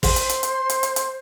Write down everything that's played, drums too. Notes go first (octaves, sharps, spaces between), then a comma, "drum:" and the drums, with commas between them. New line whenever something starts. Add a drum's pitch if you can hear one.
C5 C6, drum: kick, open hi-hat
drum: hi-hat
drum: hi-hat
drum: hi-hat
drum: hi-hat
drum: hi-hat
drum: hi-hat